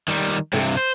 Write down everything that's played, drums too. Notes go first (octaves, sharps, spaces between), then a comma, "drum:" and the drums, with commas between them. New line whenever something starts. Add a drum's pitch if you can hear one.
D#3 G3
G2 C3, drum: snare
C5